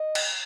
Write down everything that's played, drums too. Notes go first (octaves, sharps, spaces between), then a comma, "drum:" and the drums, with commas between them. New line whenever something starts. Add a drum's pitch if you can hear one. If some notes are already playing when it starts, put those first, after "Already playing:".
Already playing: D#5
drum: cymbal